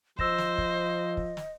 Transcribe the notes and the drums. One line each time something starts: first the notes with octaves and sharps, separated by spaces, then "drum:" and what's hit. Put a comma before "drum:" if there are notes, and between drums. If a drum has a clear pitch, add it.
F3 C5 D#5 E6 A#6 E7, drum: kick
drum: snare
drum: kick
drum: kick
drum: snare